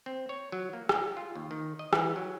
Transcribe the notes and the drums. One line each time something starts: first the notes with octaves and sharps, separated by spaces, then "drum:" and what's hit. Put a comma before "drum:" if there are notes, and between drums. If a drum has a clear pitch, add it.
C4
C#5
F#3
A#3
G5, drum: rim click
F4
D#2
D#3
D#5
E3, drum: rim click
F#3